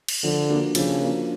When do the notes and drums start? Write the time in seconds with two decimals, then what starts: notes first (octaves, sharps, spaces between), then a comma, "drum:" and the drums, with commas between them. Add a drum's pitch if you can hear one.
0.08 drum: cymbal
0.24 D3 F3
0.49 A#3 D4 F#4
0.75 C#3 F3, drum: cymbal
1.00 A#3 D4 F#4